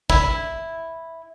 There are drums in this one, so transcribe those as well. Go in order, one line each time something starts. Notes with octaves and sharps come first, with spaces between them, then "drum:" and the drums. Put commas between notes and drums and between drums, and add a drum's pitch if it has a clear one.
E4, drum: kick